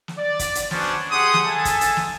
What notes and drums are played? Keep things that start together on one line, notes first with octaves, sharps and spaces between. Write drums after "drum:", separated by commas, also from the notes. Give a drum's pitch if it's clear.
drum: snare
D5
drum: kick, hi-hat
drum: hi-hat
B3 C#4 D4 F#4 C5 C#5, drum: snare
G4 G#4 F#5 C6 D#6
drum: snare
G#4 A4 E5 G#5 A5
drum: kick, hi-hat
drum: hi-hat
drum: snare